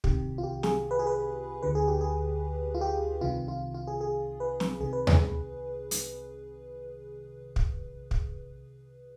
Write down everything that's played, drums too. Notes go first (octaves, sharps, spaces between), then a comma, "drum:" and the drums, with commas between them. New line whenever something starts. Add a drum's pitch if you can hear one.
C2 C3 D#3 G4, drum: kick
F4
G4
G#4, drum: snare
B4
G#4
B4
D2 D3 B4
G#4
G4
G#4
F4
G4
C2 C3 D#3 F4
F4
F4
G#4
G#4
B4
B4, drum: snare
C2 C3 D#3 G#4
B4
G#4, drum: tom D#2
drum: hi-hat
drum: kick
drum: kick